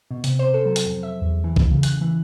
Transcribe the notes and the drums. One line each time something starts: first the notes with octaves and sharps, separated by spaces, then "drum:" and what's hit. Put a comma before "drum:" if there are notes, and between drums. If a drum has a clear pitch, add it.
B2
C3, drum: hi-hat
C5
A4
F#3
drum: hi-hat
F2
E5
E2
E3
drum: kick A#1
C#3
F#6, drum: hi-hat
E3